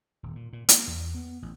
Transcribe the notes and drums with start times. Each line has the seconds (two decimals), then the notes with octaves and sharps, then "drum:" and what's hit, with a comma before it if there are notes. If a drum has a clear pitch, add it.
0.23 D#1
0.35 A#2
0.53 A#2
0.69 A#3, drum: hi-hat
0.87 E2
1.15 B3
1.42 A1